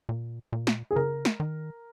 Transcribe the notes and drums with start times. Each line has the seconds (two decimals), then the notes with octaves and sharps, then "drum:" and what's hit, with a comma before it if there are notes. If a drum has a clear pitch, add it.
0.09 A#2
0.53 A#2
0.67 drum: snare
0.91 G#4
0.96 C#3 A#4
1.25 drum: snare
1.40 D#3